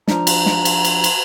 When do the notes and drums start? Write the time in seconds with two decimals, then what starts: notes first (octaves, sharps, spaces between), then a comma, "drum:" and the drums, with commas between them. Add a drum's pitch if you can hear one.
0.08 F3 D4 A#5, drum: snare
0.27 drum: cymbal
0.46 drum: snare
0.65 drum: cymbal
0.85 drum: cymbal
1.04 drum: cymbal